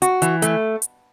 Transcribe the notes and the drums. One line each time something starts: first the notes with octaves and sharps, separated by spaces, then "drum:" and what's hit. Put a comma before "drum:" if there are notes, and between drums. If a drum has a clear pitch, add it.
F#4, drum: hi-hat
E3, drum: hi-hat
A3, drum: hi-hat
drum: hi-hat